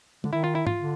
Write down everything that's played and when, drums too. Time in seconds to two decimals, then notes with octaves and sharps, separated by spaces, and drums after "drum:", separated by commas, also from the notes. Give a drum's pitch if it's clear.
0.24 D3, drum: tom
0.33 D#3 E4
0.44 F4
0.55 E4
0.67 F4, drum: tom
0.77 D3